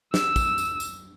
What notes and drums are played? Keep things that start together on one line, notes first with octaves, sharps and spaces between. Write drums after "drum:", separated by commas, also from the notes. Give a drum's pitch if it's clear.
E6, drum: snare
drum: kick, tambourine
drum: tambourine
drum: tambourine